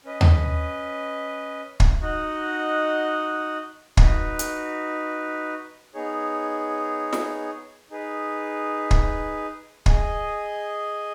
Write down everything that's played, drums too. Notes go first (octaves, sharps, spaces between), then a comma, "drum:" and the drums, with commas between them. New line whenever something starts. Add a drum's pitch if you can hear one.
C#4 B4 D#5
drum: tom D#2
drum: kick
D#4 F#4 D#5 F#5
D#4 F#4 B4, drum: kick
drum: hi-hat
B3 D#4 G#4 C#5
drum: snare
D#4 G#4 B4
drum: kick
G#4 D#5 G#5, drum: kick